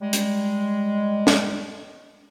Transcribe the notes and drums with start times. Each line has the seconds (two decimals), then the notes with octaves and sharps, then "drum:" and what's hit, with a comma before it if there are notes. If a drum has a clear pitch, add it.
0.02 G3 G#3
0.13 drum: hi-hat
1.27 drum: snare